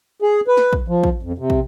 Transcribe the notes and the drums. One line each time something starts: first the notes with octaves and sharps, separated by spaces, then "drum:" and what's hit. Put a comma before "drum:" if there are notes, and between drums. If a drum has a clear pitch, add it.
G#4
B4
drum: snare
drum: kick
F3
drum: kick
F2
C3
drum: kick